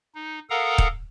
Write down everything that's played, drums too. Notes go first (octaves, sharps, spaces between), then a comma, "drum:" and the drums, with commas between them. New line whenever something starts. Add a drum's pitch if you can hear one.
D#4
A4 A#4 F5 F#5 A#5 D#6
drum: kick